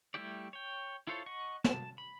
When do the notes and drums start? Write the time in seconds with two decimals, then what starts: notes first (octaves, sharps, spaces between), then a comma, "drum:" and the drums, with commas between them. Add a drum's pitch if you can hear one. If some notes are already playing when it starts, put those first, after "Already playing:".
0.14 G3 A3 E4 G4 D5
0.53 C#5 G5
1.07 E4 F4 A4 C5 C#5
1.26 D#5 F#5 C#6
1.64 A5, drum: snare
1.98 B5